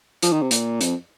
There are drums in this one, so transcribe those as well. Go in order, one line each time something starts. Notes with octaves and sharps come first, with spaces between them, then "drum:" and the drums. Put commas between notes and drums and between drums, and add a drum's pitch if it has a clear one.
F3, drum: hi-hat
D#3
C3
A#2, drum: hi-hat
F2, drum: hi-hat